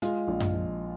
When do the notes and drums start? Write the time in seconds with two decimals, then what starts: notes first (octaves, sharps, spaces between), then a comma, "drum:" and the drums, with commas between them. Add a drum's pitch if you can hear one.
0.02 G#3 F4, drum: hi-hat
0.28 A#1
0.40 drum: tom F#2
0.53 F3